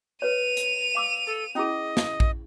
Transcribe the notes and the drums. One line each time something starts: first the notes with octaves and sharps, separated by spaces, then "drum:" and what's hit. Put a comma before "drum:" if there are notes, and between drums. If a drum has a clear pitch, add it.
B4 C#5 D#7 F7
drum: hi-hat
F5 D6 E6
A4
C#4 E4 G#4 D#5
drum: snare
drum: kick A#1